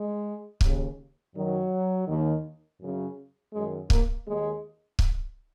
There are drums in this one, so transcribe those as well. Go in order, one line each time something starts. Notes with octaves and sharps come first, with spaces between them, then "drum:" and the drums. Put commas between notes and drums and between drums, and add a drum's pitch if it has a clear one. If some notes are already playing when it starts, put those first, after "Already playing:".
Already playing: G#3
D#2 C#3, drum: kick C#1
F#2 D#3 F#3
D#2 D#3
F#2 C#3
F#2 D#3 G#3
A#3, drum: kick C#1
D#2 D#3 G#3
drum: kick C#1